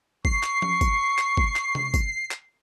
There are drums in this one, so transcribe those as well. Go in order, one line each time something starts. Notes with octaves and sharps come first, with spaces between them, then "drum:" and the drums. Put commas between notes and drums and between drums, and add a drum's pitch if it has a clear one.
C#6 C7, drum: kick
drum: clap
drum: tom F3
drum: kick, tambourine
drum: clap
drum: kick
drum: clap
drum: tom C3
drum: kick, tambourine
drum: clap